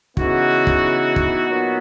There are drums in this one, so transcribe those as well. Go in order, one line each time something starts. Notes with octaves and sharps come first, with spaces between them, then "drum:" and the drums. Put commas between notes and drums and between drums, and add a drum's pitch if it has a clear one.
C#3 E3 B3 D#4 F#4, drum: kick
drum: kick
drum: kick
A#2 F#3 B3